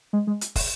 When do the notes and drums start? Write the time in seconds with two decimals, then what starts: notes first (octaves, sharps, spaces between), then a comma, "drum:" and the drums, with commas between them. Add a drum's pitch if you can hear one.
0.13 G#3
0.27 G#3
0.41 drum: hi-hat
0.56 drum: kick, open hi-hat